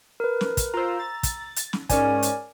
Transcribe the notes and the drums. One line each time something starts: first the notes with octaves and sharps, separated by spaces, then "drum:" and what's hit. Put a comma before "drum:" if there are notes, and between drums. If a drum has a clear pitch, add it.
A#4 B4
drum: snare
drum: kick, hi-hat
F4 A#4 C5 A#5 E6
A6
drum: kick, hi-hat
drum: hi-hat
drum: snare
G#2 C#4 A#4 D5 G#5, drum: kick, hi-hat
drum: hi-hat